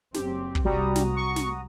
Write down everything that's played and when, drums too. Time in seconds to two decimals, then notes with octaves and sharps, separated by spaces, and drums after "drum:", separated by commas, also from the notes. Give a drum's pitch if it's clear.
0.14 F#1 F#2 C4 G4, drum: snare
0.55 drum: kick
0.65 C2 G3 F#4 A#5 D#6
0.96 drum: snare
1.16 C#6
1.36 drum: snare